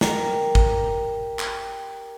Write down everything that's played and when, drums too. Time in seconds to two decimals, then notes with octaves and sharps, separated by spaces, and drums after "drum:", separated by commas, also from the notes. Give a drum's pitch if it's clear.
0.01 G4 A#4, drum: snare
0.55 drum: kick
1.39 drum: clap